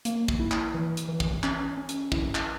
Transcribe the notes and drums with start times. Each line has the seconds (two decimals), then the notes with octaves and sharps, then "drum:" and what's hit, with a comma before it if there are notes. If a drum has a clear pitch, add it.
0.05 A#3, drum: hi-hat
0.28 drum: kick
0.40 E4
0.51 drum: clap
0.74 E3
0.97 drum: hi-hat
1.08 E3
1.20 drum: kick
1.43 C#4, drum: clap
1.77 C#4
1.89 drum: hi-hat
2.12 E4, drum: kick
2.35 drum: clap